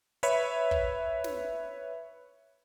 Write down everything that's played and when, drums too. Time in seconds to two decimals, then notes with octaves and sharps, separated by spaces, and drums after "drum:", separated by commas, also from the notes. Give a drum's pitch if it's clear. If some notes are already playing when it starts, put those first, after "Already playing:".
0.23 B4 C#5 E5 B5, drum: hi-hat
0.71 drum: kick
1.24 drum: snare